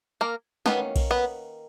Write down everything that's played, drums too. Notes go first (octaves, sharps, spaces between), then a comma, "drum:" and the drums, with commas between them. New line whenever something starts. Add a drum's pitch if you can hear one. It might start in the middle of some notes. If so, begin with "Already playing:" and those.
A#3 A#4
D#3 A#3 B3 C#4 B4, drum: snare
drum: kick B1, cymbal
B3 B4